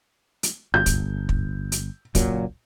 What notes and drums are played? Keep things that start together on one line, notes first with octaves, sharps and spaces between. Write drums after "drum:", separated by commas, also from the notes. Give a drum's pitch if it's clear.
drum: hi-hat
G1 G6
drum: kick, hi-hat
drum: kick
drum: hi-hat
F#1 A#2 F#3, drum: kick, hi-hat